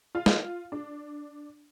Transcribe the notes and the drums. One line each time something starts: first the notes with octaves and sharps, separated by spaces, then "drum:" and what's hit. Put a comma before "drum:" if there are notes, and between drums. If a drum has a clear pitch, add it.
F4 F5
drum: snare
D4